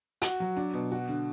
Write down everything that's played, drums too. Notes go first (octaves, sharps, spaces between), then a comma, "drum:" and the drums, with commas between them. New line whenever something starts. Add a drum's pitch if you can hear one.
F#4, drum: hi-hat
F#3
D4
B2
F#4
D3